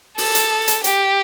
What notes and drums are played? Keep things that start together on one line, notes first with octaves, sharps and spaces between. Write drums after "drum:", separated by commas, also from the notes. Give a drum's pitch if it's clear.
A4, drum: open hi-hat
drum: hi-hat
drum: hi-hat
G4, drum: hi-hat